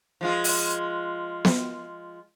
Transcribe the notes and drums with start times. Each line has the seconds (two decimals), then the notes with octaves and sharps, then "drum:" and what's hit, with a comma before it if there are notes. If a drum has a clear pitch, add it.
0.21 F3 G#3 F4
0.44 drum: open hi-hat
1.45 drum: snare B3